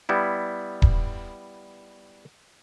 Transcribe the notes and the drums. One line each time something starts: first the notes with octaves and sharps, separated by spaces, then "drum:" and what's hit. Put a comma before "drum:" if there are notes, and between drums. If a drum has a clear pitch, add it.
G3 B3 E4
drum: kick D#1